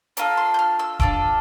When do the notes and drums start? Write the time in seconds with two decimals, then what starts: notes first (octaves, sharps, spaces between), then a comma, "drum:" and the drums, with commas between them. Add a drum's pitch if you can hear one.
0.17 D4 F4 A4 A#5, drum: hi-hat
0.37 C6
0.54 G6
0.59 F6
0.79 E6
1.00 D4 F4 A4 D6, drum: kick D#1